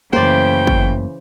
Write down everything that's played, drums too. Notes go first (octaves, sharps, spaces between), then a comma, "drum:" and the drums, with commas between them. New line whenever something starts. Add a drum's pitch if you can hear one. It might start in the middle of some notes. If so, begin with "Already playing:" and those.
F#2 C#3 E3 A3 A#3 C5 D5 G5
drum: kick